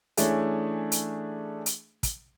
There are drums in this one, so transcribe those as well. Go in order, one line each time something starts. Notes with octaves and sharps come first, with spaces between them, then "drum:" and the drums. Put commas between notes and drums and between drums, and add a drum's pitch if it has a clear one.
E3 A3 C#4 D4 G#4 E5, drum: hi-hat
drum: hi-hat
drum: hi-hat
drum: kick, hi-hat